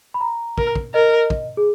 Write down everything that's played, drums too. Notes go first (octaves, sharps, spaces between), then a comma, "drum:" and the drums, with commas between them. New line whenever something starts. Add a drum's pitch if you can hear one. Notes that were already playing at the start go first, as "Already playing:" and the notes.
B5
A#5
A#4, drum: kick
drum: kick
A#4 D#5
drum: kick
G#4